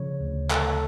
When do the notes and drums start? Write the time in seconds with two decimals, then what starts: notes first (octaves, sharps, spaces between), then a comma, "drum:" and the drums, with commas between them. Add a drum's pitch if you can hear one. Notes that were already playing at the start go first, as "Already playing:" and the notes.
Already playing: C#3 F3 C#5
0.20 D2
0.51 D2 A4, drum: clap